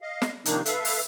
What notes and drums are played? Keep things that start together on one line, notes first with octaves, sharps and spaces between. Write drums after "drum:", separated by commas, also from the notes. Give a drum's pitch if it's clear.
D#5 F5
drum: snare
C3 D#3 F3 A#3 D4 D#4, drum: hi-hat
A4 B4 E5 F5, drum: hi-hat
drum: open hi-hat